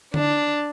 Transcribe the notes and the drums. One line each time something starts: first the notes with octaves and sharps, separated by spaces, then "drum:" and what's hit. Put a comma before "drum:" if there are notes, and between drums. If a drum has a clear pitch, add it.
D4, drum: tom D3